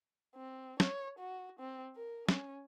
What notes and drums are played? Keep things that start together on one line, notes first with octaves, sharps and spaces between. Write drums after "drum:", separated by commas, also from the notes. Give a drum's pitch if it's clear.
C4
C#5, drum: snare
F#4
C4
A#4
C#4, drum: snare